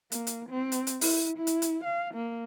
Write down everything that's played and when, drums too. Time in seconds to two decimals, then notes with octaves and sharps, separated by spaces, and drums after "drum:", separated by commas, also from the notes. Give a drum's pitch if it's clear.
0.12 A#3, drum: hi-hat
0.27 drum: hi-hat
0.50 C4
0.72 drum: hi-hat
0.87 drum: hi-hat
1.01 E4, drum: open hi-hat
1.38 E4
1.47 drum: hi-hat
1.62 drum: hi-hat
1.85 F5
2.14 A#3